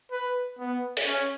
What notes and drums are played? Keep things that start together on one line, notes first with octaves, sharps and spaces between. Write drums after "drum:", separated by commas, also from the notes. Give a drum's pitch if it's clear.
B4
B3
drum: open hi-hat
C#4